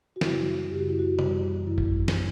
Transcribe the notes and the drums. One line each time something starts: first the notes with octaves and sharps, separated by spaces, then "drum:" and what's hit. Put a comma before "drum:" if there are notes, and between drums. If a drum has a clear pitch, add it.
F#4
F#2 C#3 G3 E4, drum: snare
F#2 C#3 G3 G4
F#4
E4
F#4
F#2 E3 G3, drum: tom C3
F#2 E3 G3 E4
drum: kick G#1
drum: snare